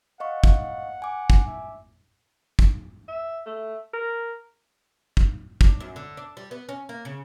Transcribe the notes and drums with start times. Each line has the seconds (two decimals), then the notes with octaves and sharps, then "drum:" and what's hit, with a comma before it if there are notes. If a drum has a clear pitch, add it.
0.20 D#5 F5 F#5 C#6
0.44 drum: kick
1.02 G#5 D6
1.30 drum: kick
1.47 E5
2.59 drum: kick
3.08 E5
3.46 A3
3.93 A#4
5.17 drum: kick
5.61 D4, drum: kick
5.80 F#2
5.96 D3
6.17 D4
6.37 G3
6.51 B3
6.69 C#4
6.89 A#3
7.05 C#3